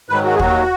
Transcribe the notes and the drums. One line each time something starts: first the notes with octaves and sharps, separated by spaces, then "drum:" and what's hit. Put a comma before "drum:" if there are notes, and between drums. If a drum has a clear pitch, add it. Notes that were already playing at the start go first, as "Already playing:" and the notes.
G#2 D#3 F#3 B4
F#4
G#4
D#2 D#3 F#3 F#4, drum: kick